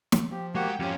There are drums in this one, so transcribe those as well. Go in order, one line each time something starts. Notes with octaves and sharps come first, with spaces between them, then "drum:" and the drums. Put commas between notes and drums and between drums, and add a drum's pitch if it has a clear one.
drum: snare
F3 G4
G#3 A#3 F#4 G4 F#5
G5
F2 C#4 F4 G4